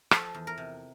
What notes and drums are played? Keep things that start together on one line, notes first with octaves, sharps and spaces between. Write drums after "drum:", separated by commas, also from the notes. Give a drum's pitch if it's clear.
F3 A4, drum: rim click
E2
A#4
C3